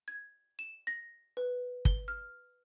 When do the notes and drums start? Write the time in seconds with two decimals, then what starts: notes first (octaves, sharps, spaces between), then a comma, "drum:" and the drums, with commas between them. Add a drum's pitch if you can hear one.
0.08 G#6
0.59 E7
0.87 A#6
1.37 B4
1.85 G7, drum: kick
2.08 F6